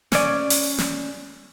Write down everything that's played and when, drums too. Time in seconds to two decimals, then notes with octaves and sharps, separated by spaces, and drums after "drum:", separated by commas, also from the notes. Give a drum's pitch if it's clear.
0.12 C#4 D5, drum: snare
0.50 drum: open hi-hat
0.78 drum: snare